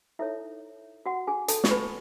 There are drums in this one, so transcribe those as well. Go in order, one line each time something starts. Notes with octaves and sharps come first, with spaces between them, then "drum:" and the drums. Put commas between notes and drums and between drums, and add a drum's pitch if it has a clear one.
D#4 E4 A4 C#5 E5
F#4 F#5
G#4 G#5
A4 A5, drum: hi-hat
C#6, drum: snare
B4 B5